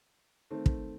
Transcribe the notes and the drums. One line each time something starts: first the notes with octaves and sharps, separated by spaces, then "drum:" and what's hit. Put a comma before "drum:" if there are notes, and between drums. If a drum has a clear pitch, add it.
D#3 A3 C4
drum: kick